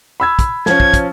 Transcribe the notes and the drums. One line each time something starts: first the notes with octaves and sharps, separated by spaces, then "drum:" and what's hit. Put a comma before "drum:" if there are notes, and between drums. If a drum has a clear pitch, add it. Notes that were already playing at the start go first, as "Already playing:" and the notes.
B5 E6 G#6
drum: kick, hi-hat
F3 C#4 G#6, drum: snare
drum: kick
drum: kick, hi-hat